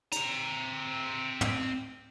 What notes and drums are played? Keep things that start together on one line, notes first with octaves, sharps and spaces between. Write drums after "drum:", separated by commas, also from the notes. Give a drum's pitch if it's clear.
C4 A#5, drum: hi-hat
drum: tom